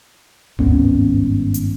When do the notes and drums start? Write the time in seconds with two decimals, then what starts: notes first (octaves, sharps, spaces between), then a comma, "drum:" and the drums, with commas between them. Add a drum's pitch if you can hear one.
0.59 G#1 G2 B3 C#4, drum: tom D2
1.54 drum: hi-hat